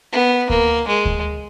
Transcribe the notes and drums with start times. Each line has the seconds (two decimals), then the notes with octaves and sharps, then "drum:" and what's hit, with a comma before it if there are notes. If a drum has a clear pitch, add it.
0.12 B3
0.50 A#3, drum: kick D2
0.87 G#3
1.05 drum: kick D2